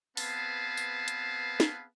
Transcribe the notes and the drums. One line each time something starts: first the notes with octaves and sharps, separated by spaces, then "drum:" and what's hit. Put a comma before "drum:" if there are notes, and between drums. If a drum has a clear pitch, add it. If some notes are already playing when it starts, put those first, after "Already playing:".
B3 C4 G#4 B4 F5 A5, drum: open hi-hat
drum: tambourine
drum: hi-hat
drum: snare